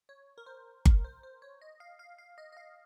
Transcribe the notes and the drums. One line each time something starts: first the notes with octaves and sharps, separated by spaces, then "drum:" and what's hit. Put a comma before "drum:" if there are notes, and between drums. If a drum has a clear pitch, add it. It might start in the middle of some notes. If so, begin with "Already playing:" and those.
C#5
A#4
C5
A#4, drum: kick G1
C5
C5
C#5
D#5
F5
F5
F5
D#5
D#5
F5